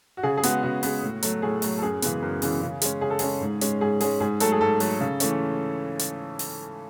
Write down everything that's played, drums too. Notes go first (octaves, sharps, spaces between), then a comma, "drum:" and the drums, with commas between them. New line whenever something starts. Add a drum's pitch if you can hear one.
F#4
C#3 G#4
G#4
G#3 B3 F#4, drum: hi-hat
C#3 F#4
G#3 B3, drum: open hi-hat
A2
F#3 A3, drum: hi-hat
A2 G#4
F#3 A3, drum: open hi-hat
A4
F#2 G#4
C#3 E3 G#3 B3, drum: hi-hat
F#2
C#3 E3 G#3 B3, drum: open hi-hat
C#3
G#3 C#4, drum: hi-hat
C#3 G#4
A4
G#3 C#4 G#4, drum: open hi-hat
G#2
G#3 C#4, drum: hi-hat
G#2 G#4
G#3 C#4 G#4, drum: open hi-hat
G#2 G#4
F#3 A3 A4, drum: hi-hat
G#4
G#2 A4
F#3 A3, drum: open hi-hat
C#3
E3 A3 C#4, drum: hi-hat
drum: hi-hat
drum: open hi-hat